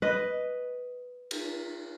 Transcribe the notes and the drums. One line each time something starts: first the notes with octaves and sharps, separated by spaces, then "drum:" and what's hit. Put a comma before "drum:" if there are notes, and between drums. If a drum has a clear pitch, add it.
B4 D#5
drum: cymbal